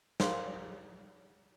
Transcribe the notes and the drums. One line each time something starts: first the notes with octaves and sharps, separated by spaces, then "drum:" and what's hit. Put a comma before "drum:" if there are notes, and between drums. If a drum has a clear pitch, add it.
A#4 C5 F5 C6, drum: snare